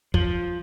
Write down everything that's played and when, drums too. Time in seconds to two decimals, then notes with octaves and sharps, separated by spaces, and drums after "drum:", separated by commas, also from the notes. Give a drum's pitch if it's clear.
0.14 F3, drum: kick